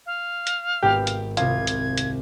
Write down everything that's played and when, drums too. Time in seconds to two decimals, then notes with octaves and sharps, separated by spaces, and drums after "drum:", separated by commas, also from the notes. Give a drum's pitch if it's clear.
0.06 F5
0.47 drum: hi-hat
0.83 G#1 B3 G4 G5
1.07 drum: hi-hat
1.37 C2 C4 F4 D#6 G#6, drum: hi-hat
1.67 drum: hi-hat
1.98 drum: hi-hat